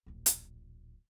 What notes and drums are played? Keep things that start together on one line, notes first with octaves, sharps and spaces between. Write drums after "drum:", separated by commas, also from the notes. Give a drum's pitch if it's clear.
D1 A#1
drum: hi-hat